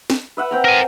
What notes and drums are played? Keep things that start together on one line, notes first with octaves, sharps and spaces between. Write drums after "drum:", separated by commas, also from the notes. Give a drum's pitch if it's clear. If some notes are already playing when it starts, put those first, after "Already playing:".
drum: snare
B4 E5 F#5
C4 G5 A#5
A#4 G#5